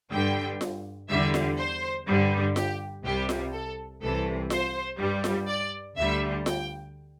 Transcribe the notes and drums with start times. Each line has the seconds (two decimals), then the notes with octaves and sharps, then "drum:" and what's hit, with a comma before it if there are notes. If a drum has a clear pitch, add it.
0.12 G2 D3 G3 G5
0.61 drum: snare F4
1.09 E2 D3 G3 E5
1.34 drum: snare F4
1.58 C5
2.07 G2 D3 G3
2.56 G4, drum: snare F4
3.04 C2 C3 G3 G4
3.29 drum: snare F4
3.53 A4
4.02 C2 C3 E3 A4
4.50 C5, drum: snare F4
4.99 G2 G3
5.24 drum: snare F4
5.48 D5
5.97 D2 D3 G3 E5
6.46 G5, drum: snare F4